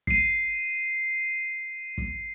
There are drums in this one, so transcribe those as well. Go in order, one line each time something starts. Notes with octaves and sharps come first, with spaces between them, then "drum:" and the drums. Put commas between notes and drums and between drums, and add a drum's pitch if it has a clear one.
C7 D#7, drum: kick
drum: kick